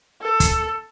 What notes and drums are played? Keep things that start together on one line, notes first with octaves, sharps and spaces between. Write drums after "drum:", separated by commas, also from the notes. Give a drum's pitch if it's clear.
A4
drum: kick, hi-hat